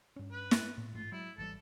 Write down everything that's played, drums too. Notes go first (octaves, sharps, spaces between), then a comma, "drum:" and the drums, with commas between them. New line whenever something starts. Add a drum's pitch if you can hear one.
G2 C#4
B4
drum: snare
A2
A1 G#2 A3 F4
F#3 G#3 E4
G#1 E3 G3 A4